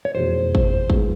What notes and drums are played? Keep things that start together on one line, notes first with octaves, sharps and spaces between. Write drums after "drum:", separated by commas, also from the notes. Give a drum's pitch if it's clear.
C#5
F1 E2 B2 C5
drum: kick
F3 G#3 B3 D#4, drum: kick